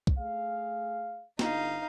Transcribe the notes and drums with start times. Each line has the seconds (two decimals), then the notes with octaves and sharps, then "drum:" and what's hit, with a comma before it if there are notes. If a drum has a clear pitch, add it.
0.07 drum: kick C2
0.18 A3 G#4 F5
1.39 G1 D#4 F5, drum: snare